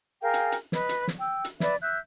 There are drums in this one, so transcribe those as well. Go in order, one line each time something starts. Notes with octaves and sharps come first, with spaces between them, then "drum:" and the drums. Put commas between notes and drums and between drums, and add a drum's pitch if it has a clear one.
G#4 A#4 F5 G5
drum: hi-hat
drum: hi-hat
B4 D#5, drum: snare
drum: hi-hat
drum: snare
G5 E6
drum: hi-hat
B4 D5 E5, drum: snare
E5 E6 F#6 G6